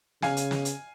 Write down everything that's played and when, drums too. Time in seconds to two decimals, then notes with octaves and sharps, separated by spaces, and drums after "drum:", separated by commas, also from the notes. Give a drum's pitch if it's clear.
0.22 C#3 F5 G#5, drum: snare
0.37 drum: hi-hat
0.51 drum: snare
0.65 drum: hi-hat